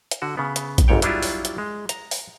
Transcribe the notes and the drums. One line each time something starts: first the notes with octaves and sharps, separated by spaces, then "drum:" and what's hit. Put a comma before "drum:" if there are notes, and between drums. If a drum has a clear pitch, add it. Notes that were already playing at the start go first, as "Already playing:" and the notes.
drum: hi-hat
D3 F#4
C#3 B3
drum: hi-hat
drum: kick A#1, hi-hat
G1 C#2 G#2 C#5 G5
F#3 G3 D4 E4 F4, drum: hi-hat
drum: open hi-hat
drum: hi-hat
G#3
A#5, drum: hi-hat
drum: open hi-hat